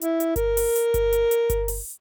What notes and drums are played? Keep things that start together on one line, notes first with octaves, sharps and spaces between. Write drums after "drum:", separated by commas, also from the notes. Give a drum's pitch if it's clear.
E4, drum: hi-hat
drum: hi-hat
A#4, drum: kick G1, hi-hat
drum: open hi-hat
drum: hi-hat
drum: kick G1, hi-hat
drum: hi-hat
drum: hi-hat
drum: kick G1, hi-hat
drum: open hi-hat